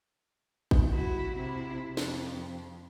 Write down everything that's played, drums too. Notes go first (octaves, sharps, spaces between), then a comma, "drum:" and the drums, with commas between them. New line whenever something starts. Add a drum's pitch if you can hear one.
drum: kick A1
E4 F#4
C3 E4
F2, drum: snare